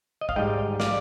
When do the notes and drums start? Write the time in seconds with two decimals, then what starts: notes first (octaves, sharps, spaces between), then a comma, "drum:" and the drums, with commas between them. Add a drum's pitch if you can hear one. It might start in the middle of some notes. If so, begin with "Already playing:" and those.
0.21 D#5
0.29 F5, drum: kick
0.36 G#2 G3 D#5 G5
0.80 D5 F5, drum: snare